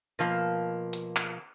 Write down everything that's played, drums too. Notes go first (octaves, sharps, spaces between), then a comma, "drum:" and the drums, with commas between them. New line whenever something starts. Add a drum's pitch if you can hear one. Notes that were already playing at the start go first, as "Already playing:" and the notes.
B2 F3 A#3
drum: hi-hat
drum: clap